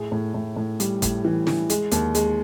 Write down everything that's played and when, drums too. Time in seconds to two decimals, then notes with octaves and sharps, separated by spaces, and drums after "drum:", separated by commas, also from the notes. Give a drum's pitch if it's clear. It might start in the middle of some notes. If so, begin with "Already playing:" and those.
Already playing: A2 G#4
0.12 A2
0.34 A2
0.56 A2
0.80 G3, drum: hi-hat
1.02 A2, drum: kick, hi-hat
1.25 E3
1.47 E3, drum: snare
1.70 G#3, drum: hi-hat
1.92 D#2, drum: hi-hat
2.15 G#3, drum: hi-hat